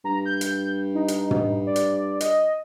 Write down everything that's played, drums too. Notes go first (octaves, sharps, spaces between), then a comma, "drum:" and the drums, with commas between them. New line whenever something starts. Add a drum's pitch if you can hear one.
G2 A#5
G6
drum: hi-hat
D#4
drum: hi-hat
drum: tom
D5
drum: hi-hat
D#5, drum: hi-hat